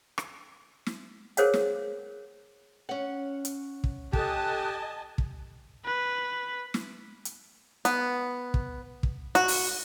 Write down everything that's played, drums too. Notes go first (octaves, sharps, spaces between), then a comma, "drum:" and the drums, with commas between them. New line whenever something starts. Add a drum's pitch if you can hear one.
drum: rim click
drum: snare
G#4 A#4 C5 C#5 F5 F#5, drum: hi-hat
drum: snare
C#4 F#5
drum: hi-hat
drum: kick
G4 A4 D#5 G#5 A5 D#6 F#6, drum: kick
drum: kick
B4
drum: snare
drum: hi-hat
B3, drum: hi-hat
drum: kick
drum: kick
F#4, drum: hi-hat
drum: open hi-hat